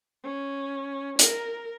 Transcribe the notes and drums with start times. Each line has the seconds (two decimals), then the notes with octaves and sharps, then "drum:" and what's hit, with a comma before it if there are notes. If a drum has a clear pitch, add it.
0.23 C#4
1.19 A#4, drum: hi-hat